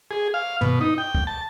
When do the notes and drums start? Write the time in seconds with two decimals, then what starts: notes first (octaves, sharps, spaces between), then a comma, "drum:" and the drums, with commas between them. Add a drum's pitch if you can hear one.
0.11 G#4
0.34 F5
0.61 B2, drum: tom
0.81 D#4
0.98 G5
1.15 drum: kick
1.27 A5